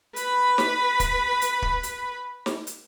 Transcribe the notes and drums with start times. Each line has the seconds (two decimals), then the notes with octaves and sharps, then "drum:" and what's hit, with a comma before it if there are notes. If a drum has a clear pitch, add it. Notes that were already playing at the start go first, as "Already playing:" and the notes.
0.16 B4 B5, drum: hi-hat
0.58 drum: snare
1.00 drum: kick, hi-hat
1.41 drum: hi-hat
1.62 drum: kick
1.83 drum: hi-hat
2.46 drum: snare
2.67 drum: hi-hat